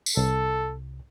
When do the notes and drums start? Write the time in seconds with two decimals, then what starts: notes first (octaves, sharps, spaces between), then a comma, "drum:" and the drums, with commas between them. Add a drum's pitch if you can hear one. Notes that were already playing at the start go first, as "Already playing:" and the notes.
0.06 drum: tambourine
0.17 C2 A4